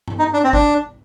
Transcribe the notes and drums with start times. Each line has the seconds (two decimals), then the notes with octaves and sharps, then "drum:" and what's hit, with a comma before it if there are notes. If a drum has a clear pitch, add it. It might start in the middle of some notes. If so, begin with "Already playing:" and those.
0.08 drum: tom G2
0.19 D#4
0.33 D4
0.44 C4
0.53 D4, drum: kick